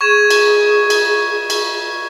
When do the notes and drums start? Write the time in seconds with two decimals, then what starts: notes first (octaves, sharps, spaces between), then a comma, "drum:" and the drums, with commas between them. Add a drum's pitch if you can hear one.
0.01 G#4 C#6 G#6 E7
0.30 drum: cymbal
0.90 drum: cymbal
1.50 drum: cymbal